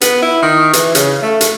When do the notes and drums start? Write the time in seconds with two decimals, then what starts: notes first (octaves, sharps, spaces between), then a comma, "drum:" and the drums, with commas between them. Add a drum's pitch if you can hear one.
0.01 B3, drum: hi-hat
0.22 E4
0.43 D#3
0.73 E3, drum: hi-hat
0.95 C#3, drum: hi-hat
1.22 A3
1.41 drum: hi-hat